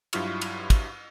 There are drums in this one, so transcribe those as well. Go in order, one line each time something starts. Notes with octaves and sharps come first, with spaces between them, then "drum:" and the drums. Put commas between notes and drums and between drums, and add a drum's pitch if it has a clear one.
G2 F#3 E4 F4 C#6 F6, drum: cymbal
drum: cymbal
drum: kick, cymbal